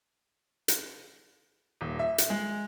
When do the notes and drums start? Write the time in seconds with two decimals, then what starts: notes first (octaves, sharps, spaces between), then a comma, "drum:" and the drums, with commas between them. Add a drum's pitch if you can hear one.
0.68 drum: hi-hat
1.81 D#1
1.99 E5
2.18 drum: hi-hat
2.30 G#3